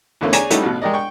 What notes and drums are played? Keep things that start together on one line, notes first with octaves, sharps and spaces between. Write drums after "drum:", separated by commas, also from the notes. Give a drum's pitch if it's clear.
E2 D3 A3 A#3 C#4
G#4 C#5 D5 G#5 A#5, drum: hi-hat
G3 A3 C#4 D#4 E4 F#4, drum: hi-hat
A1 B2
G#3 G4 A#4 D5 D#5
G5 C#6